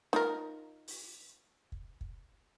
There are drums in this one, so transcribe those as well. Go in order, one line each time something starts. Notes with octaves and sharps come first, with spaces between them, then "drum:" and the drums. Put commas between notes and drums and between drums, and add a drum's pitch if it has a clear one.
D#4 F4 A#4, drum: snare
drum: open hi-hat
drum: kick
drum: kick